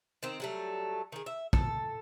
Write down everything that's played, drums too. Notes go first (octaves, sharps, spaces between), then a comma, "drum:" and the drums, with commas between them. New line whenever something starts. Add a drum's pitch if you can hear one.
D#3 C4
F#3 G3 A3
D#3 G#4
E5
A4, drum: kick